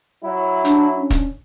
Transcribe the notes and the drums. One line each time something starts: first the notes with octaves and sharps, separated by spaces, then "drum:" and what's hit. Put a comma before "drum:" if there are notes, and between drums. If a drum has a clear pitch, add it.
F#3 E4
D4, drum: hi-hat
C#4 D4
drum: kick, hi-hat